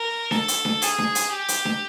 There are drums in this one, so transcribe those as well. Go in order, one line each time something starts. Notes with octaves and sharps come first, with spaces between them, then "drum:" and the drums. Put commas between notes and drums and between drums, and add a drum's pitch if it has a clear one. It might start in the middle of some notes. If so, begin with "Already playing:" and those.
Already playing: A#4
A4, drum: snare D4
drum: hi-hat
drum: snare D4
G#4, drum: hi-hat
drum: snare D4
drum: hi-hat
G4
drum: hi-hat
drum: snare D4